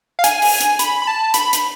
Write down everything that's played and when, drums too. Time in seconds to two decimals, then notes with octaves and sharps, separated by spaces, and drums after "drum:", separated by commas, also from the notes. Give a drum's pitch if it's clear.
0.19 F5
0.24 G#5, drum: hi-hat
0.42 drum: open hi-hat
0.61 drum: hi-hat
0.79 B5, drum: hi-hat
1.02 B5
1.07 A5
1.34 B5, drum: hi-hat
1.53 drum: hi-hat